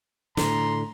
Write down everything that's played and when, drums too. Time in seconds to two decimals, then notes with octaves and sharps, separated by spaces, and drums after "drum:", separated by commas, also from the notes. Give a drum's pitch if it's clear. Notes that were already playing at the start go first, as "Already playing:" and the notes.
0.37 A2 D3 A#5 C6, drum: snare